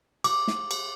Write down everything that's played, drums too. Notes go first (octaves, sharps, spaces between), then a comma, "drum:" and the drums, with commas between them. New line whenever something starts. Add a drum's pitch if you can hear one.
D6, drum: cymbal
drum: snare
drum: cymbal